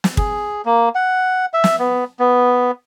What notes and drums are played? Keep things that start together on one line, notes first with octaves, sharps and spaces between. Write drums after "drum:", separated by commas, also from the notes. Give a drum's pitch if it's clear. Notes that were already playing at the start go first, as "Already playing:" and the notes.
drum: snare
G#4, drum: kick
A#3
F#5
E5
drum: snare
B3
B3